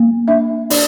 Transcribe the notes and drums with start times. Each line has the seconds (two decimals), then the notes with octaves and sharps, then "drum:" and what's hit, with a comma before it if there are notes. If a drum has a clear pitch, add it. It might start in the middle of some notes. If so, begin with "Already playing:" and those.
Already playing: A#3
0.28 D4 E5
0.70 D4 D5, drum: open hi-hat